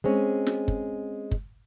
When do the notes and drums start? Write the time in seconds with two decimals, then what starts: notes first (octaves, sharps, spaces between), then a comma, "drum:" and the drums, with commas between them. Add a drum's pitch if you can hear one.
0.04 G#3 C4 C#4
0.47 drum: snare
0.68 drum: kick
1.31 drum: kick